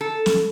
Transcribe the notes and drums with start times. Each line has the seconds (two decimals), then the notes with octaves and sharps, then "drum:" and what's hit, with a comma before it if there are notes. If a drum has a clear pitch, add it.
0.01 A4
0.26 drum: snare